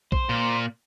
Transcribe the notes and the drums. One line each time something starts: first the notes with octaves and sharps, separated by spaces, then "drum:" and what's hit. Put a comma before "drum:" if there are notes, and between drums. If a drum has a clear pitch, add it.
C5, drum: kick A#1
A#2